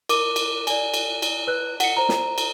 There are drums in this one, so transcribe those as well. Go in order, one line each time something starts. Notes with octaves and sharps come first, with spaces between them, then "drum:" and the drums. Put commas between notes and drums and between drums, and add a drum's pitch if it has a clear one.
A#4 D6 D#7, drum: cymbal
drum: cymbal
D5 G#5, drum: cymbal
drum: cymbal
drum: cymbal
B4 F#6
F#5 C#7, drum: cymbal
C5 A#5
drum: snare
drum: cymbal